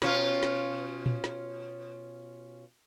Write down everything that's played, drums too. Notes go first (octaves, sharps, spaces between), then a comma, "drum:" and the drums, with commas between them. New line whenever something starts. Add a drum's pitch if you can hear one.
B2 C#4 F4, drum: snare
drum: snare
drum: tom A#2
drum: snare